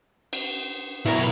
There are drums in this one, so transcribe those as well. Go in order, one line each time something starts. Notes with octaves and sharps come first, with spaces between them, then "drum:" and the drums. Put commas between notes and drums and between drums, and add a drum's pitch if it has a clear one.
drum: cymbal
B2 E4 A#4 C#5, drum: hi-hat